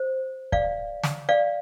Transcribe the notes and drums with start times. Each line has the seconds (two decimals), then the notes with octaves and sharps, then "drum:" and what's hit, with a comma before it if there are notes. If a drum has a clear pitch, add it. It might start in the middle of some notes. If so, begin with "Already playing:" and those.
Already playing: C5
0.52 D5 F5, drum: kick
1.04 drum: snare
1.29 D5 F5